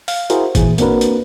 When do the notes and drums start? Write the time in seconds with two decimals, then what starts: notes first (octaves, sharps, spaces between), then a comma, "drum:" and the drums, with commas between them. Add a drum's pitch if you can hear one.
0.08 F5, drum: open hi-hat
0.30 E4 F#4 G#4 A#4 C5, drum: hi-hat
0.55 A#2 E3 G#4, drum: kick G#1, hi-hat
0.78 A#3 C4 D4 F#4 A#4 B4, drum: hi-hat
1.01 drum: hi-hat